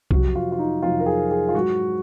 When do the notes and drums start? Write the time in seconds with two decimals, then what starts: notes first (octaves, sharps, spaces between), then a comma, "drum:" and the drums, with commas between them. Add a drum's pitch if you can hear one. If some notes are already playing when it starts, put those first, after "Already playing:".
0.11 F2 C3 F#3 F#4, drum: kick B1
0.35 F4
0.52 F4
0.59 D#4
0.82 F2 C3 F#3 F4
1.00 A#4
1.06 G#4
1.31 G#4
1.49 F4
1.55 G#2 F#3 F#4